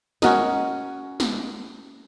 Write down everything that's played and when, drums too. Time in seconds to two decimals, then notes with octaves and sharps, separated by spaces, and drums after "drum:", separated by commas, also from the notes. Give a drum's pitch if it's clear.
0.22 C#4 F#4 A#4 D#5, drum: snare
1.20 drum: snare